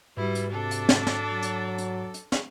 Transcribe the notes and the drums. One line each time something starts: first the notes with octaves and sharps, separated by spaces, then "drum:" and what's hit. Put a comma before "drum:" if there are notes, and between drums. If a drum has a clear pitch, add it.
G#2 G3 E4 F#4 B4
drum: hi-hat
C3 D4 A4 D5
drum: hi-hat
drum: snare
drum: snare
F#3
drum: hi-hat
drum: hi-hat
drum: hi-hat
drum: snare